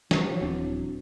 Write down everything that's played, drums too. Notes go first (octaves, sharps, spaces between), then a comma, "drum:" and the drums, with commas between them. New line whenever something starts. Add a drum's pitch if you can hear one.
E3 F#3, drum: snare
D#1 C4 D4